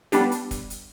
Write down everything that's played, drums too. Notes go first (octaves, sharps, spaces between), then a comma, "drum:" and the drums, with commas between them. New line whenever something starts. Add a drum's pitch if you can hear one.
G3 B3 D4 G4, drum: hi-hat
drum: hi-hat
drum: kick, hi-hat
drum: hi-hat